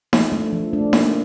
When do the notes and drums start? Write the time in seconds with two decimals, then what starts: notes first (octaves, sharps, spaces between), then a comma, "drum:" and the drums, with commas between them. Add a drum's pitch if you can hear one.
0.13 F3, drum: snare D#4
0.32 A3 D4
0.53 F3
0.73 A3 D4
0.93 A#3, drum: snare D#4